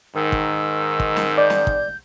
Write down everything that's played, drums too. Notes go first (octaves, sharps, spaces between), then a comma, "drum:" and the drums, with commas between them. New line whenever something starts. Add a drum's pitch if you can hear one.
G#2 D#3 E6
drum: kick
drum: kick
drum: snare
D5 G6
drum: snare
drum: kick